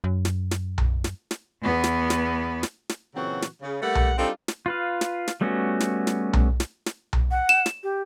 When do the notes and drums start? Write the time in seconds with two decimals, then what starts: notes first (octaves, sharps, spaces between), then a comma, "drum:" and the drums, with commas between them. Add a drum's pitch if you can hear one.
0.04 F#2
0.25 drum: snare
0.51 drum: snare
0.78 drum: tom B1
1.04 drum: snare
1.31 drum: snare
1.62 E2 B3
1.84 drum: snare
2.10 drum: snare
2.63 drum: snare
2.89 drum: snare
3.15 A#2 C#3 E3 F#3 C4 F#4
3.42 drum: snare
3.62 C#3
3.82 G3 A3 A#3 A4 F#5
3.95 drum: tom B1
4.18 G3 C4 D4 D#4 F4 A4
4.48 drum: snare
4.66 F4 B4 F5
5.01 drum: snare
5.28 drum: snare
5.41 G3 A3 B3 C#4 F#4
5.80 drum: snare
6.07 drum: snare
6.33 drum: tom B1
6.60 drum: snare
6.86 drum: snare
7.13 drum: tom B1
7.31 F#5
7.49 E7
7.66 drum: snare
7.83 G4